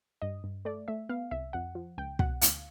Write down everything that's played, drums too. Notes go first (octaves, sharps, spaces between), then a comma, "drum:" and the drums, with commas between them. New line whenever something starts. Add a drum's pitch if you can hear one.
G2 D#5
G2
A3 D5
A3 E5
B3 F5
C2 E5
F2 F#5
F3
C#2 G5
B2 F#5, drum: kick
D2 F5, drum: hi-hat